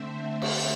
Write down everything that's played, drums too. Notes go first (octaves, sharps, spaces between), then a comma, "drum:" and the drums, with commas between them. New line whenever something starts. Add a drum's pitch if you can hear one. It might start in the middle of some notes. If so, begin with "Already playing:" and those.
Already playing: D3 A3 C4 C5 E5
drum: cymbal